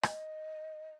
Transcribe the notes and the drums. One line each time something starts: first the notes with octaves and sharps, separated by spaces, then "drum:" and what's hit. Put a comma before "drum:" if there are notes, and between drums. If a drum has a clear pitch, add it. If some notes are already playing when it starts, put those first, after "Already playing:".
D#5, drum: rim click